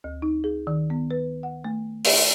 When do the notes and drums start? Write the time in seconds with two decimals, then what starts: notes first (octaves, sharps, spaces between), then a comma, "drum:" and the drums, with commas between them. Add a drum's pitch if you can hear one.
0.04 D2
0.22 D#4
0.44 G#4
0.67 D#3
0.90 B3
1.11 B4
1.43 F#5
1.64 A3
2.04 drum: open hi-hat